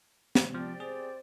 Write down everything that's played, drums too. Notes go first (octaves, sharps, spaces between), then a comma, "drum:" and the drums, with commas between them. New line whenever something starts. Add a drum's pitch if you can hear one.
drum: snare
F3 C4 G4 D5
G#4 C5